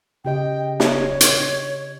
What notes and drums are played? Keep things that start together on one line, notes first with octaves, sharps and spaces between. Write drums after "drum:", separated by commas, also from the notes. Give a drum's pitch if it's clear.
C#3 G4 D#5 G5
C#5, drum: snare
drum: hi-hat